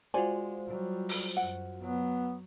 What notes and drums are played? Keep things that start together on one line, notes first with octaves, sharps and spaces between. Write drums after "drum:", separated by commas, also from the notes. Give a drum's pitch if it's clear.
G#3 F4 F#4 C5 D5 G#5
F#3 G3
drum: open hi-hat
F#2 F#5
F#3 B3